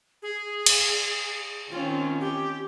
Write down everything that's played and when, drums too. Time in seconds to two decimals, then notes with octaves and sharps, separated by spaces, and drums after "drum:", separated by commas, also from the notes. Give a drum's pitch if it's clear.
0.22 G#4
0.66 drum: cymbal
1.71 D#3 C4 C#4 F4
2.21 G4